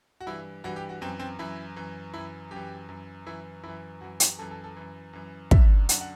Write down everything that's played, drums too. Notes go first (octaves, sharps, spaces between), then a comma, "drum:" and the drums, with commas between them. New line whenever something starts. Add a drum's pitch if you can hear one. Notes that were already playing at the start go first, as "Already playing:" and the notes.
F#4
G2 E3 E4
G2 E3 F#4
G4
F#4
F#2 E3 C4
C4
F#2 E3 E4
F#2 E3
F#2 E3 E4
F#2 E3 G4
F#2 E3
F#2 E3 E4
F#2 E3 E4
F#2 E3 F#4
G4, drum: hi-hat
F#2 E3 A4
A4
A4
F#2 E3
F#2 E3
F#2 D3 E5, drum: kick
F#2 D3 F#5, drum: hi-hat
F#5